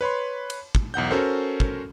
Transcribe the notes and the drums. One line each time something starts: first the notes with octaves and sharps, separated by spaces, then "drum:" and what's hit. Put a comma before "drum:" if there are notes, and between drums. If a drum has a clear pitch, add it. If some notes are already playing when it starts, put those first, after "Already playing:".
B4 C#5 B5 C6
drum: cymbal
drum: kick
B1 E2 F#5 G6
C#4 F#4 A4 A#4 C5
drum: kick